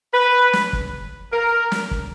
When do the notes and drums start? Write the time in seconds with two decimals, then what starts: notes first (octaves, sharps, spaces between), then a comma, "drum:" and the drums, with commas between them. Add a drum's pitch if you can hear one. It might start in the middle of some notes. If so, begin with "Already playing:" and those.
0.13 B4
0.53 drum: snare
0.73 drum: kick
1.33 A#4
1.72 drum: snare
1.91 drum: kick